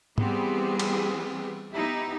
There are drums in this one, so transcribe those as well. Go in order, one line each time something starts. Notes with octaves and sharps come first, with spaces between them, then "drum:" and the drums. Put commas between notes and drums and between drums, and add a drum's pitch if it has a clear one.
E3 G3 B3 C4 G4 G#4, drum: tom G#2
drum: cymbal
B3 D#4 E4 G4